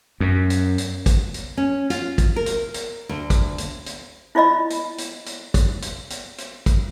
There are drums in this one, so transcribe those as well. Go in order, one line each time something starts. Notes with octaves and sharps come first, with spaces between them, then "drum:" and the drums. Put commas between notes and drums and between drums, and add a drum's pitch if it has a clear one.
F#2
drum: hi-hat
drum: hi-hat
drum: kick, hi-hat
drum: hi-hat
C#4
F4, drum: hi-hat
drum: kick, hi-hat
A#4
drum: hi-hat
drum: hi-hat
D2
drum: kick, hi-hat
drum: hi-hat
drum: hi-hat
E4 F4 D5 D#5 B5
drum: hi-hat
drum: hi-hat
drum: hi-hat
drum: kick, hi-hat
drum: hi-hat
drum: hi-hat
drum: hi-hat
drum: kick, hi-hat